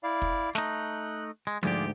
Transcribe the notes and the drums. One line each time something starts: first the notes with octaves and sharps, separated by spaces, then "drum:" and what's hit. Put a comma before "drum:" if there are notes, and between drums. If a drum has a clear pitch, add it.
E4 D5 F5
drum: kick
A3 D#4 F#6, drum: snare
G#3
D2 G#2 F4 G4 G#4 D5, drum: tom F3